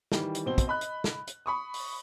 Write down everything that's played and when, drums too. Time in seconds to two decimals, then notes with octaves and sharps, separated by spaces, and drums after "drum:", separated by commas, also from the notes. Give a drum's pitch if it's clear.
0.12 D#3 E3 G3, drum: snare
0.35 drum: hi-hat
0.46 B2 C4 G7
0.58 drum: kick, hi-hat
0.67 D#5 B5 F#6
0.81 drum: hi-hat
1.04 drum: snare
1.27 drum: hi-hat
1.46 B5 C#6 D#6
1.74 drum: open hi-hat